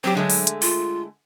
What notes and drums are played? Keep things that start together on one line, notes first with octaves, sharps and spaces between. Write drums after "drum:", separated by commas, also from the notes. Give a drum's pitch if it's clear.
F#3 C4 G4
D3 G#3 A3
drum: open hi-hat
drum: hi-hat
F4, drum: open hi-hat